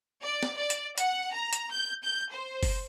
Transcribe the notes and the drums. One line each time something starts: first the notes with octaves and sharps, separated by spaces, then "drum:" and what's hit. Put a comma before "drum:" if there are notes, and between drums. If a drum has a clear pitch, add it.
D5
drum: snare
D5
drum: hi-hat
F#5, drum: hi-hat
A#5
drum: hi-hat
G6
G6
C5
drum: kick F#1, open hi-hat